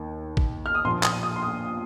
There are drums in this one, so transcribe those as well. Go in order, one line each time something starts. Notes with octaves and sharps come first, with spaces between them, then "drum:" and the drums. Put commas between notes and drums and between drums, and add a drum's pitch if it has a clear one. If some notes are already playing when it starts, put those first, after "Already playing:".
Already playing: D#2 D#3
drum: kick
F6
D#6
A#1 A#2 F3 C6
D#6, drum: clap
D#6
C6
D#6